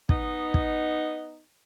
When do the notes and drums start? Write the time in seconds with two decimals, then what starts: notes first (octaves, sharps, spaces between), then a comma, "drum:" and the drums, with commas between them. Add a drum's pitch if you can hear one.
0.09 B3 D#4, drum: kick
0.54 drum: kick